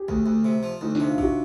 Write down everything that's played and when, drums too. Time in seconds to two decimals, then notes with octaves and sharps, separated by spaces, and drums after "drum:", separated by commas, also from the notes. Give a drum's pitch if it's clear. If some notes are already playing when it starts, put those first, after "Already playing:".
Already playing: G4 G#4
0.08 D2, drum: kick
0.26 D2
0.45 C3
0.63 F3
0.81 D2 D#4
0.95 D4, drum: snare
1.00 C3
1.08 F4
1.18 C3 F#4, drum: kick